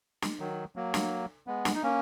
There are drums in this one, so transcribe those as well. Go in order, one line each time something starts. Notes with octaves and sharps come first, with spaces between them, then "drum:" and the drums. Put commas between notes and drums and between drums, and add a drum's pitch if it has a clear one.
drum: snare
D#3 F#3
F#3 A#3
drum: snare
G#3 B3
drum: snare
D#4
A#3 C#4